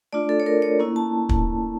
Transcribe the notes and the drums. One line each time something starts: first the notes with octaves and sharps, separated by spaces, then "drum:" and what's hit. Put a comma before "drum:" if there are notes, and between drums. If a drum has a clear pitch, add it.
A3 D4 F4 D5
A4
C#5
A#4
C#5
A#3 C#4 E4
A5
drum: kick